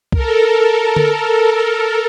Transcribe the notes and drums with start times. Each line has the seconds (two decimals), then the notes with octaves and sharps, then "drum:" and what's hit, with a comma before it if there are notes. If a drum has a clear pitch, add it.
0.12 A4 A#4, drum: kick C2
0.96 drum: tom D3